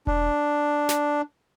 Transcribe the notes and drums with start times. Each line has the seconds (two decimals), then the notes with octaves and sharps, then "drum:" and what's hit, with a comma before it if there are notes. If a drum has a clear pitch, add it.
0.07 D4, drum: kick E1
0.89 drum: snare